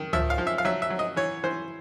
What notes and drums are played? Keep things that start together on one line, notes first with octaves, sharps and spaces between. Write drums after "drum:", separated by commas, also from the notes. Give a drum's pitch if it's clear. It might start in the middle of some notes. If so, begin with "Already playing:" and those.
Already playing: D#3
F3 E5, drum: tom C#2
F5
F3
E5
F5
F#3 E5
E5
F#3
D#5
E3 C#5
E3 C5